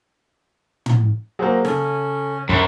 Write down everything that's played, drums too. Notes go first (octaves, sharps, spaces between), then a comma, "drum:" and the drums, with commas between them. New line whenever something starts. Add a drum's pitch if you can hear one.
drum: tom
F#3 A#3 G#4 C5
C#3 C#4 A4, drum: snare
F#2 C5 B5, drum: kick